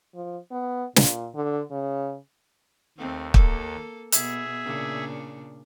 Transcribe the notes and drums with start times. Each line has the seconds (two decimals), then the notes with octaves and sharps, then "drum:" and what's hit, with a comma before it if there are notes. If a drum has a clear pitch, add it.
0.15 F3
0.52 B3
0.96 A#2, drum: snare
1.35 D3
1.71 C#3
2.98 D#2 A3 C4
3.34 A#3 A4, drum: kick
4.12 B2 G#4 E5, drum: hi-hat
4.64 A#2 C#3 D4